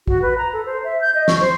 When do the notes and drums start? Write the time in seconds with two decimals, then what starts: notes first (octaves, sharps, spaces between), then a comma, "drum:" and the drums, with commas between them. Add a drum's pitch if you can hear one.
0.07 F#4, drum: kick A#1
0.22 B4
0.38 A#5
0.53 A4
0.66 C5
0.84 E5
1.01 G6
1.15 D#5
1.28 C#6, drum: snare
1.41 C5